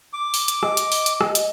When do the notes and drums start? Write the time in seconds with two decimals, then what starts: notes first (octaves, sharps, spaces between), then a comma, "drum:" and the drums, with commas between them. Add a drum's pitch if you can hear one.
0.13 D6
0.34 drum: open hi-hat
0.48 drum: hi-hat
0.63 D#5, drum: rim click
0.77 drum: hi-hat
0.92 drum: open hi-hat
1.06 drum: hi-hat
1.21 drum: rim click
1.35 drum: hi-hat